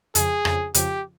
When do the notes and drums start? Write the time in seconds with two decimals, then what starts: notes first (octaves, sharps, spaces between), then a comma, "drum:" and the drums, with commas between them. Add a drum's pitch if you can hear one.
0.15 F2 C#3 F3 G#4, drum: hi-hat
0.45 F2 C#3 F3, drum: rim click
0.74 F2 C#3 F3 G4, drum: hi-hat